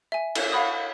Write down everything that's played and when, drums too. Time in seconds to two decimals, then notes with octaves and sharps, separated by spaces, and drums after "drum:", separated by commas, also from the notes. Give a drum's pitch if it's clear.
0.12 E5 G#5
0.35 drum: cymbal
0.52 F5 F#5 B5 D#6